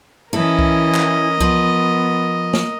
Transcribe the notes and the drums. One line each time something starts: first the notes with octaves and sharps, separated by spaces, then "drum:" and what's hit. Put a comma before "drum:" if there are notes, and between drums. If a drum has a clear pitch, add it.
E3 C#4 E4 A4 A#4 D#5
drum: kick C2
drum: clap
F3 B3, drum: kick C2
drum: snare